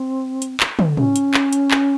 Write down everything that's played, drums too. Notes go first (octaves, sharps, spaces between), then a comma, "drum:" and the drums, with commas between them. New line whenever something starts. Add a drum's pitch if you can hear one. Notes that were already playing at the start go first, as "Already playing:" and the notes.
Already playing: C4
drum: hi-hat
drum: clap
drum: tom
C#4, drum: tom
drum: hi-hat
drum: clap
drum: hi-hat
drum: clap